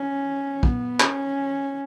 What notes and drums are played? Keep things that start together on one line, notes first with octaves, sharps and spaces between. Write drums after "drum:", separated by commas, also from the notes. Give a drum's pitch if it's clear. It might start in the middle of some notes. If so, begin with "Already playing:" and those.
Already playing: C#4
B3, drum: kick
C#4, drum: clap